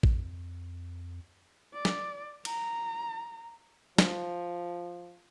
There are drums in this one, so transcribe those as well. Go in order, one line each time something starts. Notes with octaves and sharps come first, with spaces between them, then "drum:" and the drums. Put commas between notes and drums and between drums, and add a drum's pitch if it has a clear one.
F2, drum: kick A1
D5
drum: snare
A#5, drum: cymbal
F3, drum: snare